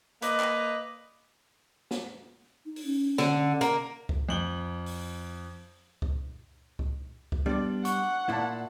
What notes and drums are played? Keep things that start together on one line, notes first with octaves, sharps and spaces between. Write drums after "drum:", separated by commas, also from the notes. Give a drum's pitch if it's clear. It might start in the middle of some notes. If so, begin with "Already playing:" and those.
A#3 B4 D5 D#5, drum: hi-hat
drum: clap
drum: snare
D#4
drum: open hi-hat
C#4
D3, drum: snare
A#3, drum: hi-hat
drum: kick C#2
F2 F#7 G7
drum: open hi-hat
drum: kick C#2
drum: kick C#2
drum: kick C#2
G3 B3 D4 D5
F#5 C#6, drum: hi-hat
A#2 E4 F4 D5 A5